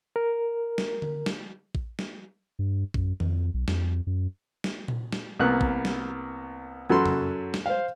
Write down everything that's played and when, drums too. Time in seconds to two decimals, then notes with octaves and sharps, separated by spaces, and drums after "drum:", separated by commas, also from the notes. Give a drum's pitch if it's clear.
0.16 A#4
0.78 drum: snare
1.02 drum: tom D3
1.26 drum: snare
1.75 drum: kick A1
1.99 drum: snare
2.59 G2
2.94 F#2, drum: kick A1
3.20 F2, drum: tom D#3
3.54 B1
3.68 F2, drum: snare
4.07 F#2
4.64 drum: snare
4.88 drum: tom A#2
5.12 drum: snare
5.39 C2 A#3 B3 F#6
5.61 drum: kick A1
5.85 drum: snare
6.90 F#2 F#3 A4 B5 C6
7.06 drum: tom
7.54 drum: snare
7.66 C5 F5